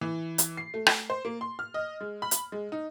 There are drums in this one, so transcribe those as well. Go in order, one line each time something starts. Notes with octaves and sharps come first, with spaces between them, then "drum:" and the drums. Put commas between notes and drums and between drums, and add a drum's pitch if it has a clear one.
E3
drum: hi-hat
C7
A3
drum: rim click
C5
A#3
C6
F6
D#5
G#3
B5
drum: hi-hat
G#3
D#4